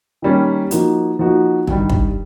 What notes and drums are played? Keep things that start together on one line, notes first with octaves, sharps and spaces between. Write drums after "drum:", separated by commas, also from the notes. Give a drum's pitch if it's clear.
D#3 G3 A#3 C#4
F3 A#3 D#4 F#4, drum: hi-hat
F3 A#3 D#4 F#4
G2 D#3 G3, drum: tom
drum: kick